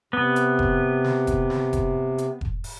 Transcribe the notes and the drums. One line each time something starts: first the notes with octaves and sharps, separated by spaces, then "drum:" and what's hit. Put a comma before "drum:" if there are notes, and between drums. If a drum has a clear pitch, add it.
C3 B3
drum: hi-hat
drum: kick E1
drum: snare
drum: kick E1, hi-hat
drum: snare
drum: kick E1, hi-hat
drum: hi-hat
drum: kick E1
drum: open hi-hat